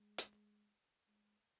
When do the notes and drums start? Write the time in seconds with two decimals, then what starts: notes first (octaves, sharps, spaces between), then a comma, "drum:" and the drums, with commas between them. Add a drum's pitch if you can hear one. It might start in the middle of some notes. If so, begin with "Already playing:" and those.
Already playing: G#3
0.18 drum: hi-hat
1.08 G#3